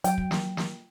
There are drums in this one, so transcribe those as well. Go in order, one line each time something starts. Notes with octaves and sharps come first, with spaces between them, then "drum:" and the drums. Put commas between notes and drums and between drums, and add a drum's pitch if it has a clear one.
F#3 G5, drum: hi-hat
drum: kick
drum: snare
drum: snare